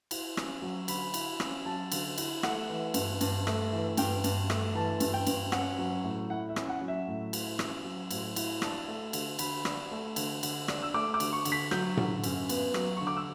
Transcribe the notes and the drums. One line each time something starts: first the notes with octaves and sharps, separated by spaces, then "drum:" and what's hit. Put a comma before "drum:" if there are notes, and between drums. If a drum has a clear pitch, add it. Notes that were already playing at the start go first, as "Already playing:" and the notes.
E4, drum: cymbal
C#4, drum: rim click
F#3
D3 B5, drum: cymbal
E4, drum: cymbal
C#4, drum: rim click
F#3 A5
D3, drum: cymbal
E4, drum: cymbal
A3 F#5, drum: rim click
E3
G2, drum: cymbal
G2, drum: cymbal
A3, drum: rim click
E3
G2 G5, drum: cymbal
G2, drum: cymbal
A3, drum: rim click
E3 A5
G2, drum: cymbal
G5
G2, drum: cymbal
C#4 F#5, drum: rim click
F#3
A2
E4 F#5
E5
C#4, drum: rim click
F#5
F#3
E5
A2
E4, drum: cymbal
C#4, drum: rim click
F#3
A2, drum: cymbal
E4, drum: cymbal
D4 A5, drum: rim click
A3
D3, drum: cymbal
D3 B5, drum: cymbal
D4, drum: rim click
A3
D3, drum: cymbal
D3, drum: cymbal
D4, drum: rim click
E6
A3 D6
D6
D3, drum: cymbal
C#6
D3, drum: cymbal
B6
F#3 G6, drum: rim click
D3, drum: tom A2
F#2, drum: cymbal
B3, drum: cymbal
F#3, drum: rim click
D3 C#6
D6
E6